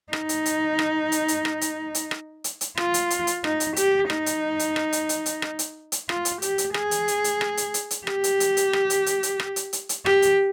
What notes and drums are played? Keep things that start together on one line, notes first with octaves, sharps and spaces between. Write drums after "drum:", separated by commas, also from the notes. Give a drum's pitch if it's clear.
D#4, drum: rim click
drum: hi-hat
drum: hi-hat
drum: rim click
drum: hi-hat
drum: hi-hat
drum: rim click
drum: hi-hat
drum: hi-hat
drum: rim click
drum: hi-hat
drum: hi-hat
F4, drum: rim click
drum: hi-hat
drum: hi-hat
drum: hi-hat
D#4, drum: rim click
drum: hi-hat
G4, drum: hi-hat
D#4, drum: rim click
drum: hi-hat
drum: hi-hat
drum: rim click
drum: hi-hat
drum: hi-hat
drum: hi-hat
drum: rim click
drum: hi-hat
drum: hi-hat
F4, drum: rim click
drum: hi-hat
G4, drum: hi-hat
drum: hi-hat
G#4, drum: rim click
drum: hi-hat
drum: hi-hat
drum: hi-hat
drum: rim click
drum: hi-hat
drum: hi-hat
drum: hi-hat
G4, drum: rim click
drum: hi-hat
drum: hi-hat
drum: hi-hat
drum: rim click
drum: hi-hat
drum: hi-hat
drum: hi-hat
drum: rim click
drum: hi-hat
drum: hi-hat
drum: hi-hat
G4, drum: rim click
drum: hi-hat